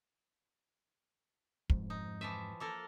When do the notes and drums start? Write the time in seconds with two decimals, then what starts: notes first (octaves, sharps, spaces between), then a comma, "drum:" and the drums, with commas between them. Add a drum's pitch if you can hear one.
1.70 F2 G#2, drum: kick
1.90 D#4
2.21 E3 F3 E5
2.60 A#3 A4 A#4